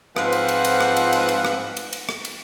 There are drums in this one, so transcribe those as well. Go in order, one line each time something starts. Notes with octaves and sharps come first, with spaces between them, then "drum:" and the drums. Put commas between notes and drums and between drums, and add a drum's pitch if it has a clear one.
G#2 F3 C4 F4 B4 F#5, drum: rim click
drum: cymbal
drum: cymbal
drum: cymbal
drum: rim click
drum: cymbal
drum: cymbal
drum: cymbal
drum: rim click
drum: cymbal
drum: cymbal
drum: rim click
drum: cymbal